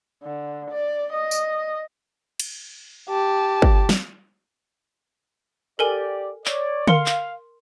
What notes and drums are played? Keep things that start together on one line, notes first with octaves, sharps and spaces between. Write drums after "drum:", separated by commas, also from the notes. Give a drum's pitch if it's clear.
D3
D5
D#5
drum: tambourine
drum: cymbal
G4 A5
drum: kick
drum: snare
G4 A4 A#4 D5 G#5
C#5 D5, drum: clap
A#4 F5 C6 C#7, drum: tom D3
drum: clap